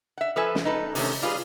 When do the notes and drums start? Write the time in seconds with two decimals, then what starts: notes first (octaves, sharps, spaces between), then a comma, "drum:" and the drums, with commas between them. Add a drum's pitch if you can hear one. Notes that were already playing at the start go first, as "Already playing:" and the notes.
0.18 E5 F#5
0.36 F3 A4 B4 E5 G#5
0.55 drum: snare
0.65 D#4 A4 B4
0.95 C3 D#3 F#3 A3 C#4, drum: open hi-hat
1.22 G3 F4 G#4 B4